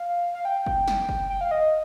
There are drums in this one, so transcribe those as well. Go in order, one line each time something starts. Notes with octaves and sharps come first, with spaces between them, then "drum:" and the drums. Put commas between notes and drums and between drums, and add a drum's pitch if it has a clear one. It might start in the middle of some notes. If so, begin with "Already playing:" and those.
Already playing: F5
F5
G5
drum: kick
drum: snare
drum: kick
G5
F5
D#5